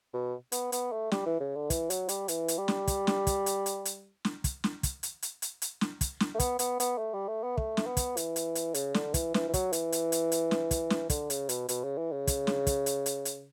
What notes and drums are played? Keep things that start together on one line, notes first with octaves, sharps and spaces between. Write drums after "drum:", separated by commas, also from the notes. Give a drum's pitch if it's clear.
B2
B3, drum: hi-hat
B3, drum: hi-hat
A3
G3, drum: snare
E3
C#3
D3
E3, drum: kick, hi-hat
F#3, drum: hi-hat
G3, drum: hi-hat
E3, drum: hi-hat
drum: hi-hat
G3
drum: snare
drum: kick, hi-hat
drum: snare
drum: kick, hi-hat
drum: hi-hat
drum: hi-hat
drum: hi-hat
drum: snare
drum: kick, hi-hat
drum: snare
drum: kick, hi-hat
drum: hi-hat
drum: hi-hat
drum: hi-hat
drum: hi-hat
drum: snare
drum: kick, hi-hat
drum: snare
A3
B3, drum: kick, hi-hat
B3, drum: hi-hat
B3, drum: hi-hat
A3
G3
A3
B3
A3, drum: kick
drum: snare
B3
drum: kick, hi-hat
E3, drum: hi-hat
drum: hi-hat
drum: hi-hat
C#3, drum: hi-hat
D3, drum: snare
E3, drum: kick, hi-hat
E3, drum: snare
E3
F#3, drum: kick, hi-hat
E3, drum: hi-hat
drum: hi-hat
drum: hi-hat
drum: hi-hat
drum: snare
drum: kick, hi-hat
drum: snare
D3, drum: kick, hi-hat
C#3, drum: hi-hat
B2, drum: hi-hat
B2, drum: hi-hat
C#3
E3
C#3
drum: kick, hi-hat
drum: snare
drum: kick, hi-hat
drum: hi-hat
drum: hi-hat
drum: hi-hat